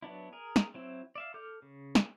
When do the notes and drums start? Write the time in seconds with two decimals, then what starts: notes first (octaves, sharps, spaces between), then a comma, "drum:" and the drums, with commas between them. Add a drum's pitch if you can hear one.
0.02 F#3 B3 D4 E4
0.33 G#4 A#4
0.56 drum: snare
0.74 F#3 C4 E4
1.16 D5 E5 F5
1.34 A4 D6 F6 G6
1.62 C#3
1.95 drum: snare